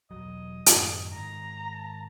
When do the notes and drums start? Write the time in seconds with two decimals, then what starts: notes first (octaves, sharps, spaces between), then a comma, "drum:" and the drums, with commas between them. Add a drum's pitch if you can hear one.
0.11 E1 C#2 F#3 D#5
0.66 F#2 A2 D#3, drum: hi-hat
1.14 G#2 D#3 A#5
1.72 A5